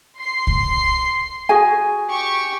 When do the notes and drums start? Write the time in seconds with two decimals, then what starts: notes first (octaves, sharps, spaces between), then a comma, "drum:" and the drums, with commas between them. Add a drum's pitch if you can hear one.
0.18 C6 C7
0.47 drum: kick C2
1.49 F#4 G#4 G#5
2.08 G4 C#6